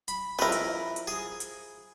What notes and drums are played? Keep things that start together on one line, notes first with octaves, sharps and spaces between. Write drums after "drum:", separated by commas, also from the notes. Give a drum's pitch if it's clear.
B5, drum: hi-hat
F3 E4 A#4 B4
drum: hi-hat
drum: hi-hat
G#4
drum: hi-hat